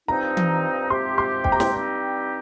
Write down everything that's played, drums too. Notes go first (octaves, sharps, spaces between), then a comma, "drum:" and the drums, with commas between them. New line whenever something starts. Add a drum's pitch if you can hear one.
G2 F3 C4 D#4 A#5
drum: tom E3
C3 F3 C4 G4 C6
C6
G5, drum: kick
A#5
G5, drum: snare
G2 G3 C4 D#4 G4